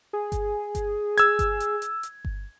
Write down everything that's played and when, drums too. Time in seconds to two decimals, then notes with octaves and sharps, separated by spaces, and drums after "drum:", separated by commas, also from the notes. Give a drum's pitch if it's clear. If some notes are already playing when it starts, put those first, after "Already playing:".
0.13 G#4
0.32 drum: kick G1, hi-hat
0.75 drum: kick G1, hi-hat
1.18 E6 G#6, drum: hi-hat
1.39 drum: kick G1, hi-hat
1.60 drum: hi-hat
1.82 drum: hi-hat
2.03 drum: hi-hat
2.25 drum: kick G1